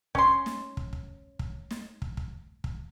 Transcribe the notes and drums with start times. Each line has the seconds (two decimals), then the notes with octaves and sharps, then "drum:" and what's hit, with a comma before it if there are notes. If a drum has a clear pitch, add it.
0.15 C#4 C6, drum: kick
0.46 drum: snare
0.77 drum: kick
0.93 drum: kick
1.39 drum: kick
1.71 drum: snare
2.02 drum: kick
2.17 drum: kick
2.64 drum: kick